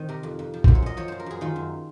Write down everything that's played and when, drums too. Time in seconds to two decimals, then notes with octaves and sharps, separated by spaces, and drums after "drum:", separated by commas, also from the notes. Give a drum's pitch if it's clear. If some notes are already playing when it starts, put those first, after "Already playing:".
Already playing: D#3 C4
0.09 C3 A#4
0.23 F2
0.39 F2
0.54 F3
0.64 F#2 C5, drum: kick
0.75 C#5
0.82 F#2 D#5
0.97 F3 C#5
1.08 F3 C5
1.20 A#4
1.26 F#2 G#4
1.41 D#3 F4
1.56 F#2